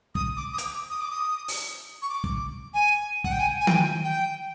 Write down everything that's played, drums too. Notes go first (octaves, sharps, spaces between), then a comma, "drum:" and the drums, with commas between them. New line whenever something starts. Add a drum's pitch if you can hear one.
D#6, drum: kick
D6
D#6
D6, drum: hi-hat
D#6
D6
D#6
drum: open hi-hat
C#6
D6
drum: kick
G#5
F#5, drum: kick
G5
G#5
G#5
G5, drum: tom D#3
G#5
G5